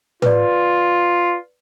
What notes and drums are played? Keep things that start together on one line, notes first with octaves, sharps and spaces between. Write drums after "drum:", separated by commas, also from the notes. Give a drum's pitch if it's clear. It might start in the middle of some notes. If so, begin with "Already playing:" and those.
F4 B4 D5, drum: tom A2